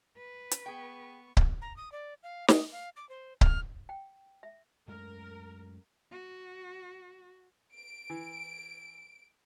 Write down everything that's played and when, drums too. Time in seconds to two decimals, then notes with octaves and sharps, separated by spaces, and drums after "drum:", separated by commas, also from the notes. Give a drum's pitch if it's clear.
0.18 B4
0.51 drum: hi-hat
0.66 B3 G#4 G5 C#6
1.37 drum: kick C#1
1.61 A#5
1.76 D#6
1.92 D5
2.23 F5
2.48 D#6, drum: snare
2.72 F5
2.96 D6
3.09 C5
3.41 F6, drum: kick C#1
3.89 G5
4.43 E5
4.88 F#2 G#3 A3 A#4
6.12 F#4
7.75 D7
8.10 E3